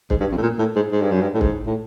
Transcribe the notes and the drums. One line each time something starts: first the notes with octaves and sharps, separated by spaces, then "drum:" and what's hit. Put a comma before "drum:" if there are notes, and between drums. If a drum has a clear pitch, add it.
G#2, drum: kick
G2
F2
A2
A#2
A2
G#2
G#2
G2
F#2
G2
A2
G#2, drum: kick
A2